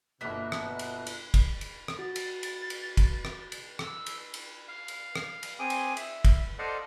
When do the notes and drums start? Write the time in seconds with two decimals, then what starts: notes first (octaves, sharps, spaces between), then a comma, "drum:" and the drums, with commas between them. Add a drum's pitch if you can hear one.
0.21 G1 B2 A#3 A#4 E5 F#6 B6
0.52 drum: rim click
0.79 drum: cymbal
1.07 drum: cymbal
1.34 drum: kick, cymbal
1.61 drum: cymbal
1.88 drum: rim click
1.99 F#4 A6
2.16 drum: cymbal
2.43 drum: cymbal
2.70 drum: cymbal
2.97 drum: kick, cymbal
3.25 drum: rim click
3.52 drum: cymbal
3.79 E6, drum: rim click
4.06 drum: cymbal
4.34 drum: cymbal
4.68 F5
4.88 drum: cymbal
5.16 drum: rim click
5.43 drum: cymbal
5.59 C4 G#4 G#5 D6
5.70 drum: cymbal
5.97 E5, drum: cymbal
6.25 drum: kick, cymbal
6.59 A4 C5 D5 D#5 F5 F#5